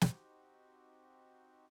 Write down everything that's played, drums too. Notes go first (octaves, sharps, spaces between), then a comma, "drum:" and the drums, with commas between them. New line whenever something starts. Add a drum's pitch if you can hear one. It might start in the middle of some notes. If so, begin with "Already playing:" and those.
C4 D#4 F#4 G4, drum: snare